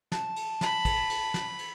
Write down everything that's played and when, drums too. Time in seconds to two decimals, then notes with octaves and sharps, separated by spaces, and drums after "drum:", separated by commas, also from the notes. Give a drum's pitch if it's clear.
0.12 A5, drum: snare
0.36 drum: cymbal
0.61 B5, drum: snare
0.85 drum: kick, cymbal
1.10 drum: cymbal
1.34 drum: snare
1.59 drum: cymbal